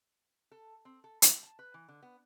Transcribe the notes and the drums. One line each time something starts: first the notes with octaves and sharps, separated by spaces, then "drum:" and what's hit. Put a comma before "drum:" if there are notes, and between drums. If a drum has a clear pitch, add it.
A4
C4
A4
E4, drum: hi-hat
A5
B4
E3
D3
B3